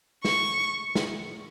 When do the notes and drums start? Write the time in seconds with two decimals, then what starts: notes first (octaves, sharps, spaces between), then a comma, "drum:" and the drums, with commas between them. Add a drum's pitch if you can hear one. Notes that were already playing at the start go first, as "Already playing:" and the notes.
0.25 C#6, drum: snare
0.95 drum: snare